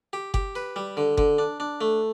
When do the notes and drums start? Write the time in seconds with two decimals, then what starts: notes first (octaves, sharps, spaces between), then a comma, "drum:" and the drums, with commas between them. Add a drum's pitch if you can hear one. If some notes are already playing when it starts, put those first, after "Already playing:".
0.13 G4
0.34 G4, drum: kick F#1
0.55 B4
0.76 G3
0.97 D3
1.18 D3, drum: kick F#1
1.38 D4
1.60 D4
1.81 A3